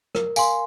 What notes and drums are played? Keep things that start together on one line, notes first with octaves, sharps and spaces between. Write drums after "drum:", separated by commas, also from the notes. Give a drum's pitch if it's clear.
A#4, drum: rim click
F5 G#5 C6, drum: tambourine